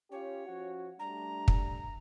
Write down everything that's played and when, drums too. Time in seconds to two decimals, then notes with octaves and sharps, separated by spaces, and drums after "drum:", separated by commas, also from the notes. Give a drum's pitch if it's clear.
0.11 C#4 F4 G4 C#5
0.47 F3 C#4 F#4
0.99 G3 A3 D4 A#5
1.48 drum: kick